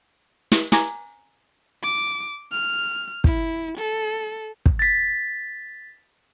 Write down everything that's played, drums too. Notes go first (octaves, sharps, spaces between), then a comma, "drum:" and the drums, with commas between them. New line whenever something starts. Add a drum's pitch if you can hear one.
drum: snare
G#5 A#5 D6 G#6 A#6, drum: snare
D6
F6
E4, drum: kick
A4
drum: kick
A6 B6